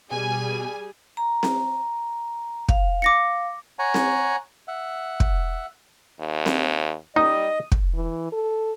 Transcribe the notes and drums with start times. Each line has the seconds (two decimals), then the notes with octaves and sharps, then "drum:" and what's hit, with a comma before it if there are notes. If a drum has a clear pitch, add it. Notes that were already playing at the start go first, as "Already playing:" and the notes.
0.11 B2 G3 G#4 G#5
1.17 A#5
1.43 drum: snare C4
2.69 F5, drum: kick
3.02 D6 A#6 C#7
3.79 C#5 F#5 G#5 A#5
3.94 drum: snare C4
4.68 E5 F#5
5.20 drum: kick
6.20 D#2
6.46 drum: snare C4
7.16 G3 D#4 D#5 D#6
7.72 drum: kick
7.94 E3
8.32 A4